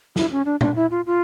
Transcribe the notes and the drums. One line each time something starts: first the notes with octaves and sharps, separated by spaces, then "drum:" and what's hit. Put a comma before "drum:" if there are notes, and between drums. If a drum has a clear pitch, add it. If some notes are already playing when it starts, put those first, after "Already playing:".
E4, drum: snare
C#4
D4
D4, drum: tom A#2
E4
F4
F4